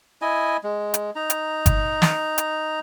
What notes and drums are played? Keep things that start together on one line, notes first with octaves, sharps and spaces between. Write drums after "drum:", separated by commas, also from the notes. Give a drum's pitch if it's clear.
E4 D#5 G#5
G#3
drum: hi-hat
D#4 A#5
drum: hi-hat
drum: kick G1, hi-hat
drum: snare
drum: hi-hat